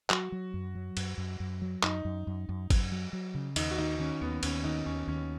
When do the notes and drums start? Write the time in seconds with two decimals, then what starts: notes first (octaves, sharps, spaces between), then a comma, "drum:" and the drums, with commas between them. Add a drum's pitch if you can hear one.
0.10 F#3 F#4, drum: clap
0.32 F#3
0.54 F#2
0.75 F#3
0.97 F#2, drum: cymbal
1.18 F#2
1.40 F#2
1.62 F#3
1.83 F#2 D#4, drum: clap
2.05 F#2
2.27 F#2
2.49 F#2
2.70 F#2, drum: kick G#1, cymbal
2.92 F#3
3.13 F#3
3.35 C#3
3.56 D#2 D#4, drum: cymbal
3.71 F#4
3.78 D#3 D#4
3.99 D#3 C#4
4.21 D#2 B3
4.43 D#2 C#4, drum: cymbal
4.64 D#3 D#4
4.86 D#2 C#4
5.07 D#2 C#4